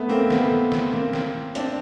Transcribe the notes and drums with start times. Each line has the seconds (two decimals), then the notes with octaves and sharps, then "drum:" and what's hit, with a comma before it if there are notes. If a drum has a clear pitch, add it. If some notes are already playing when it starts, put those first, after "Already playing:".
Already playing: A3 B3
0.09 A#3 C4
0.30 A3 B3, drum: snare
0.72 drum: snare
0.93 A#3 C4
1.13 drum: snare
1.55 C4 D4, drum: hi-hat